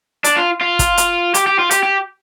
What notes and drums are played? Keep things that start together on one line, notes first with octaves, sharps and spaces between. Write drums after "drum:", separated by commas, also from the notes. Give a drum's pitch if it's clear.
D4, drum: hi-hat
F4
F4
drum: kick, hi-hat
drum: hi-hat
G4, drum: hi-hat
G4
F4
G4, drum: hi-hat
G4